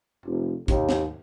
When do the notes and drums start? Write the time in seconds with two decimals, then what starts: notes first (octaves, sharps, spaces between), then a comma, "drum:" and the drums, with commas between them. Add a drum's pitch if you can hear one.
0.25 F1
0.68 D#2, drum: kick, hi-hat
0.89 drum: snare